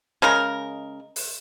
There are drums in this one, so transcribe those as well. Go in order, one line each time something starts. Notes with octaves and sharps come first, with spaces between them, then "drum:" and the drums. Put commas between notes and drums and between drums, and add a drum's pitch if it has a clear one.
C#3 G#3 A#4
drum: open hi-hat